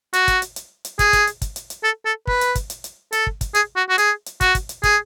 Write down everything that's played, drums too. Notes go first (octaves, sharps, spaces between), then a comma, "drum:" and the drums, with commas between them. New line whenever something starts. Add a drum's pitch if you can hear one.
F#4, drum: hi-hat
drum: kick, hi-hat
drum: hi-hat
drum: hi-hat
drum: hi-hat
G#4, drum: kick, hi-hat
drum: kick, hi-hat
drum: hi-hat
drum: kick, hi-hat
drum: hi-hat
drum: hi-hat
A4
A4
B4, drum: kick
drum: hi-hat
drum: kick, hi-hat
drum: hi-hat
drum: hi-hat
A4, drum: hi-hat
drum: kick
drum: kick, hi-hat
G#4, drum: hi-hat
F#4
F#4
G#4, drum: hi-hat
drum: hi-hat
F#4, drum: kick, hi-hat
drum: kick, hi-hat
drum: hi-hat
G#4, drum: kick, hi-hat